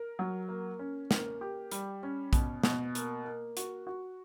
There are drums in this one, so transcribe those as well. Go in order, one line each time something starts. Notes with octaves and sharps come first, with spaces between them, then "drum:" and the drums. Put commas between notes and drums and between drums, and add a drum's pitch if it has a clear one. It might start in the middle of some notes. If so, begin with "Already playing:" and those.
Already playing: A#4
F#3
A#3
C#4
A#3, drum: snare
G4
G3, drum: hi-hat
C#4
B2, drum: kick A#1, hi-hat
B2, drum: snare
A#3, drum: hi-hat
A#3
F#4, drum: hi-hat
F#4